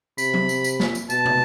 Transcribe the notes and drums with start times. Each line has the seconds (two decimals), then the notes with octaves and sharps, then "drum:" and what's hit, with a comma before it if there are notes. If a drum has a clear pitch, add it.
0.18 C3 B5, drum: tambourine
0.34 drum: tom F#3
0.49 drum: tambourine
0.64 drum: tambourine
0.80 drum: snare
0.95 drum: tambourine
1.10 B2 A5, drum: tambourine
1.26 drum: tom